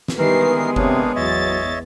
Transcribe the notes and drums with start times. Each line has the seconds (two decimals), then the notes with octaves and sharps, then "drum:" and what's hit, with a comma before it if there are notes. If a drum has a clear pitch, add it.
0.08 drum: snare
0.18 D#3 E3 G3 G#3 B3 A#4 B4 C7
0.76 C3 A#3 D4 C#5 F5, drum: kick F#1
1.16 E2 F#3 C#5 D#5 E5 A6